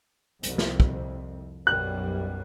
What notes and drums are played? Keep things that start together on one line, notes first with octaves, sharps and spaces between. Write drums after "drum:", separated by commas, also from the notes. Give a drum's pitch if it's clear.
C2 F2, drum: hi-hat
drum: snare
drum: kick
B1 F#2 G3 F#6